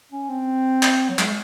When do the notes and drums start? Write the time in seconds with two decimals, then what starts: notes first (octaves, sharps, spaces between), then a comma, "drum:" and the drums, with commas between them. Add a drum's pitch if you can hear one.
0.12 C#4
0.29 C4
0.83 drum: clap
1.09 F#3
1.19 G#3, drum: clap